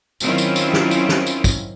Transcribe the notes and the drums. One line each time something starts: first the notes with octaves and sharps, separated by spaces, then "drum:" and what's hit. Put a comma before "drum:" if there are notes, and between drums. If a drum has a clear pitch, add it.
D#3 F#3 C4 C#4 E4 F4, drum: tambourine
drum: tambourine
drum: tambourine
drum: snare
drum: tambourine
drum: snare
drum: tambourine
drum: kick, tambourine